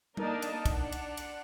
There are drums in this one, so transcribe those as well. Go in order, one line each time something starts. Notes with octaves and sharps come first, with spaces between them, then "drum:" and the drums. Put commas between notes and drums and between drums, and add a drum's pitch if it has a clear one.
A#3 D4 D#4 A#4 D#5 A5, drum: tom G3
drum: cymbal
D4 F#5, drum: kick, cymbal
drum: cymbal
drum: cymbal